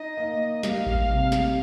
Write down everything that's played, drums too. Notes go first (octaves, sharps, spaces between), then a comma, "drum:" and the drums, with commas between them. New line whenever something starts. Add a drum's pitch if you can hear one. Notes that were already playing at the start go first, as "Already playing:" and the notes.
Already playing: D#4 D#5
A#3
G3 F5, drum: snare
drum: kick A1
C3
drum: snare